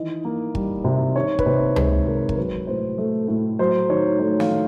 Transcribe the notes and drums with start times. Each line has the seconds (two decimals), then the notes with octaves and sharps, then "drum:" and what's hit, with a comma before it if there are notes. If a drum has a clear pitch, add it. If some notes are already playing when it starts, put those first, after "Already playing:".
Already playing: D#3 E3 D#5
0.25 A#3
0.55 G3, drum: kick
0.84 C3
1.16 D#3 C#5
1.39 B4, drum: kick
1.46 C3 C5
1.76 G#3 B4, drum: tom C#2
2.06 C3 A#4
2.29 A#4, drum: kick
2.37 F#3 B4
2.67 A2 C5
2.98 A3
3.28 A2
3.59 F#3 C5
3.89 D#3 C#5
4.20 A3 C#5
4.40 F5, drum: snare
4.50 D#3